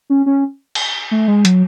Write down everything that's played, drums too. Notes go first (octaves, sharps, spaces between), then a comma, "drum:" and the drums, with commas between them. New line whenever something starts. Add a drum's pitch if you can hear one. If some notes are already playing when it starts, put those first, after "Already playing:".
C#4
C#4
drum: cymbal
A3
G#3
F#3, drum: hi-hat